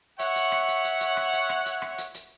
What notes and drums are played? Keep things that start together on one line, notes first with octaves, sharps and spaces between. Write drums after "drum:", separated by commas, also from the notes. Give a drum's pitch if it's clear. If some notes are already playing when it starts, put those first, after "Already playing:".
C#5 E5 F#5, drum: hi-hat
drum: hi-hat
drum: rim click
drum: hi-hat
drum: hi-hat
drum: hi-hat
drum: rim click
drum: hi-hat
drum: rim click
drum: hi-hat
drum: rim click
drum: hi-hat
drum: hi-hat